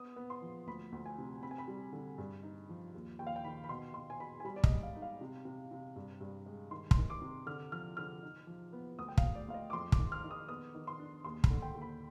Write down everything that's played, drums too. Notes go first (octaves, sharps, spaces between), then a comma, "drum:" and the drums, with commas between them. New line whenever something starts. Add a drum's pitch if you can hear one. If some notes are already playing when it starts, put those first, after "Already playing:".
Already playing: B3 D#6
B3
C6
F3
D2 B5
D2
G#5
C3
C4 B5
G#5
B5
G3
D3
G2
D#4
F3
D#2
D#2 G5
F5
G5
D#3 B5
B5
B2 C6
B2 C6
G#5
B2 B5
G#5
G3 B5
D5
D#5, drum: kick
G#2
F5
D#4
F5
C3
C3
C3
G2
G2
G#3
D#3 C6
C6, drum: kick
D#3
D6
C3
D3 F6
F3 F6
D3 F6
D#4
F3
B3
D2 D#6
G5
F5, drum: kick
D2
D5
D2 F5
D#5
D6
F2 C6
D6, drum: kick
D#3
F6
D#3
D#6
B3 D#6
D#3
C6
D4
D#2 C6
B5, drum: kick
D3
G5
D#2
B5